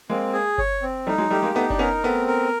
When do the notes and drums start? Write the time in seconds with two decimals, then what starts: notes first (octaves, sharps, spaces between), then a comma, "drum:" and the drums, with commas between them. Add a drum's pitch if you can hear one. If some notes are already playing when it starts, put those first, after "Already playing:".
0.10 G#3 A#3 C4
0.33 G#4
0.58 C#5, drum: kick G1
0.82 C4
1.07 G3 A3 D#4
1.18 F#3 G#3
1.30 G3 A3 G4
1.43 G#3 A#3
1.55 A3 B3 D#4
1.70 D4, drum: kick G1
1.79 B3 C#4 A#4
2.04 A3 B3 C4
2.28 A#4